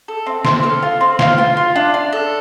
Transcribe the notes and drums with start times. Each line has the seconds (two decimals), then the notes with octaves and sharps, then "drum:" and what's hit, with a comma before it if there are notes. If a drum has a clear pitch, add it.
0.08 A4
0.26 C4
0.45 C4, drum: snare
0.63 A4 F6
0.83 F4
1.01 C4
1.19 F4, drum: snare
1.38 F4
1.57 F4
1.76 D4
1.94 D4
2.12 A4